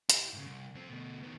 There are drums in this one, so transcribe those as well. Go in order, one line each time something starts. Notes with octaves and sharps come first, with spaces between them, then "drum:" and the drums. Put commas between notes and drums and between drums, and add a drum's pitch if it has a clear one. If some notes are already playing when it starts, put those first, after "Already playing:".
E4 G4, drum: hi-hat
G#2 C#3
C2
F2 C4
D2 B2
D#3 B3